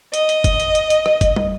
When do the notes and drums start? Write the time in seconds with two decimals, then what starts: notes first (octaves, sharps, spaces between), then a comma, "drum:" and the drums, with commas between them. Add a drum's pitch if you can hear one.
0.14 D#5, drum: hi-hat
0.29 drum: hi-hat
0.44 drum: kick, hi-hat
0.60 drum: hi-hat
0.75 drum: hi-hat
0.90 drum: hi-hat
1.06 drum: rim click
1.21 drum: kick, hi-hat
1.36 drum: tom